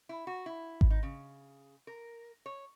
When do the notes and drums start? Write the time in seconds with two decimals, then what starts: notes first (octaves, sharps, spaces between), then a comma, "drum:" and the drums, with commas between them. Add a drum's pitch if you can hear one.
0.09 E4
0.27 F#4
0.46 E4
0.81 drum: kick G#1
0.90 D#4
1.03 C#3
1.87 A#4
2.46 C#5